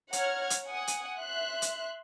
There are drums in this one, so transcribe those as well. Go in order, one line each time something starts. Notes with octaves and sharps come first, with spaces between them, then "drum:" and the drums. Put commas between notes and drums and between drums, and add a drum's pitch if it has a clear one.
C#5 F#5 A#5 F6 G#6, drum: hi-hat
drum: hi-hat
F#5 G#5 D#6
drum: hi-hat
E5 C6 F#6
drum: hi-hat